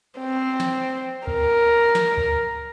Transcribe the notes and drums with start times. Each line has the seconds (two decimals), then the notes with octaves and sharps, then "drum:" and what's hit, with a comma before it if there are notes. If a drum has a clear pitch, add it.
0.19 C4
0.60 drum: snare
1.27 A#4, drum: kick
1.95 drum: snare
2.18 drum: kick